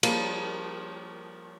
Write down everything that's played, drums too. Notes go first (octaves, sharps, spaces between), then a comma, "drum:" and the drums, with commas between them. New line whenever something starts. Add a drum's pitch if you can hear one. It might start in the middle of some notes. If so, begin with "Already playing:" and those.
F3 G3 A#3, drum: cymbal